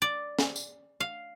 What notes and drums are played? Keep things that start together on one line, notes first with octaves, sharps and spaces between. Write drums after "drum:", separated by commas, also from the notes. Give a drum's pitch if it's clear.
D5
drum: snare
drum: tambourine
F5